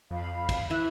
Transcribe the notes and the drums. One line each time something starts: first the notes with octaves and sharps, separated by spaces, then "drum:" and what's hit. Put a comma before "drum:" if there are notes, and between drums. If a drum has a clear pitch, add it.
F2 F5 B5
drum: kick, cymbal
E3 E4 E5 F#6